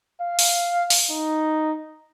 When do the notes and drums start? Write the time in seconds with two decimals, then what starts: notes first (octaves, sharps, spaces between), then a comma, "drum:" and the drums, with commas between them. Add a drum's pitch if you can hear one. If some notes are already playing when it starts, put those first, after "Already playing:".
0.21 F5
0.39 drum: open hi-hat
0.90 drum: open hi-hat
1.10 D#4